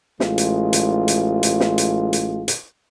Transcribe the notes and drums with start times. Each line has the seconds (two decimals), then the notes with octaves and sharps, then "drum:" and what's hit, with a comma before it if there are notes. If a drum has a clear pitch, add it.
0.20 A1 G#3 F4, drum: snare
0.38 drum: hi-hat
0.73 drum: hi-hat
1.08 drum: hi-hat
1.43 drum: hi-hat
1.60 drum: snare
1.78 drum: hi-hat
2.13 drum: hi-hat
2.48 drum: hi-hat